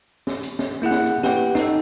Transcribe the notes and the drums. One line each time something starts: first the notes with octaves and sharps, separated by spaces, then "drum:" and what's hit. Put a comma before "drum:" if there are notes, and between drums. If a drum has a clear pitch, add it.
drum: snare
drum: hi-hat
drum: snare
A#3 E4 G#4 F#5
drum: snare
drum: hi-hat
G4 B4 F#5 G5, drum: snare
D#4 A4, drum: snare